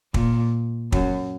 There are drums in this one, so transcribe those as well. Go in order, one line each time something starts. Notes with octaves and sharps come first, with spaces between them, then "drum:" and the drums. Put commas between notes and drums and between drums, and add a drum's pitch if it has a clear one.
A#2, drum: kick
F#2, drum: kick